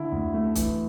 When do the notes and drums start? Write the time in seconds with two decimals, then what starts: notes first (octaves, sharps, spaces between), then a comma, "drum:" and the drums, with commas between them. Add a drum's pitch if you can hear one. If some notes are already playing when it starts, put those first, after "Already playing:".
Already playing: D3 E4
0.12 D2
0.34 A3
0.55 E3, drum: kick, hi-hat